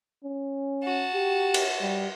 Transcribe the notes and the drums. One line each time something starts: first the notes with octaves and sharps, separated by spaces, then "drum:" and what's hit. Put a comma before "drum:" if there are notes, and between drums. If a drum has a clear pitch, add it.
C#4
F#4 A5
G4
drum: cymbal
G3